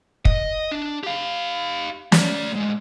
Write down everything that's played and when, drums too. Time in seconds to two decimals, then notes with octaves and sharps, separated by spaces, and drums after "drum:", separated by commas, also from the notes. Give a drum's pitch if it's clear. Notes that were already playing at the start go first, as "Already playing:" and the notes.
0.25 D#5, drum: kick
0.71 D4
1.04 G4 F5
2.12 A3 D5, drum: snare
2.55 A2 G#3